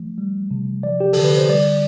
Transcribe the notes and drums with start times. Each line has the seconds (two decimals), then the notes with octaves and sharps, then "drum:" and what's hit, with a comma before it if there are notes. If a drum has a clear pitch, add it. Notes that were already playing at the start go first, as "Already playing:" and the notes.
Already playing: F3 A3
0.18 G3
0.51 C3
0.83 F3 D5
1.00 G4
1.13 D3 A4, drum: open hi-hat
1.24 B4
1.37 C5
1.49 G3 D5